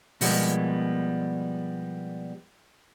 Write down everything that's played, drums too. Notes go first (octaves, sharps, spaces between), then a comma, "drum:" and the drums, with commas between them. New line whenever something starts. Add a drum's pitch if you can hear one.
B2 F3 G3 G#3 A#3 B3, drum: open hi-hat